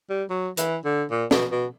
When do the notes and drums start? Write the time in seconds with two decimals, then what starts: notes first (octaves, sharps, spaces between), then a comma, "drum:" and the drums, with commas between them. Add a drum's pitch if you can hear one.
0.09 G3
0.30 F#3
0.57 E3, drum: hi-hat
0.85 D3
1.11 A#2
1.31 B2, drum: snare
1.51 B2